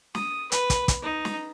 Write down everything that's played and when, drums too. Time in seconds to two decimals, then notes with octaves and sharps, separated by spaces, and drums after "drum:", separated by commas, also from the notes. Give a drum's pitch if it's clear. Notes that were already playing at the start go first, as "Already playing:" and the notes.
0.15 D#6, drum: snare
0.52 B4, drum: hi-hat
0.70 drum: kick, hi-hat
0.88 drum: kick, hi-hat
1.02 D#4
1.25 drum: snare